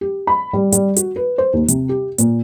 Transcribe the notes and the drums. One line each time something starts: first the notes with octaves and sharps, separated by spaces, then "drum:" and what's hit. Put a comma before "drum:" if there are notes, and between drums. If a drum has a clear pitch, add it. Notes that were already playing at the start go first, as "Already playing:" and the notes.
G4
B5
G3
G3, drum: hi-hat
F#4, drum: hi-hat
B4
C5
D#2
C3, drum: hi-hat
G4
A#2, drum: hi-hat